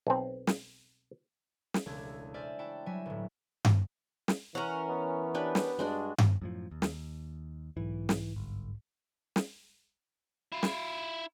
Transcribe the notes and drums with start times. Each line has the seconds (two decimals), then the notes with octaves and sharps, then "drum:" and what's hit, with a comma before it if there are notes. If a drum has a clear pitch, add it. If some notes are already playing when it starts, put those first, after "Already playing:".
0.07 B1 C4
0.47 drum: snare
1.74 drum: snare
1.86 E1 C#2 A3 D4 G#6
2.34 C5 D5 E5 G#5 F6
2.59 E4 F#4 G5 A5
2.86 F#3 G3 E5 G#5
3.06 G1 A2
3.65 drum: tom G2
4.28 drum: snare
4.55 E3 C#4 A#4 F#5 A#5
4.89 B3
5.35 D4 G4 B4
5.55 drum: snare
5.79 G2 G#3 D4 F#4
6.18 drum: tom G2
6.42 F#2 A2 F3
6.71 D#2
6.82 drum: snare
7.77 B1 G#2 E3
8.09 drum: snare
8.36 G1
9.36 drum: snare
10.52 E4 F4
10.63 drum: snare